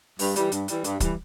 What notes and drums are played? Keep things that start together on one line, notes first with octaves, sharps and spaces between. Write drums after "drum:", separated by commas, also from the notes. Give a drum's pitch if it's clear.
G2, drum: open hi-hat
E3 G3, drum: hi-hat
G2, drum: hi-hat
E3 G3, drum: hi-hat
G2, drum: hi-hat
E3 G3, drum: kick, hi-hat